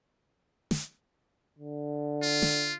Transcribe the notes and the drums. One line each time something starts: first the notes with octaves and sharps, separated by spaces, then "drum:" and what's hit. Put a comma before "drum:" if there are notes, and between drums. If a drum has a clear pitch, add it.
drum: snare
D3
F4
drum: snare